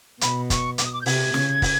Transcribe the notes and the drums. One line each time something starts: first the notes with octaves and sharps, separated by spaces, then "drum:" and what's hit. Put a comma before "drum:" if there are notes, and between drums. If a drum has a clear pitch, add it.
B2 B5, drum: hi-hat
C#6, drum: kick, hi-hat
D6, drum: hi-hat
D#6
D6
G6
C3 G#6, drum: open hi-hat
C#3, drum: snare
drum: kick, open hi-hat